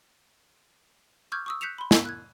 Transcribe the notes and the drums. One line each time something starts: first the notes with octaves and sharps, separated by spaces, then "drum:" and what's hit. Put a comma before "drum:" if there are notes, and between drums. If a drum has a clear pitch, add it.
C#6 D6 E6 F6 G6 G#6
C#6 D#6 E6
F#6 G6 B6 C#7 E7 F7
B5 C6
E6 G#6 B6, drum: snare
F#6 G#6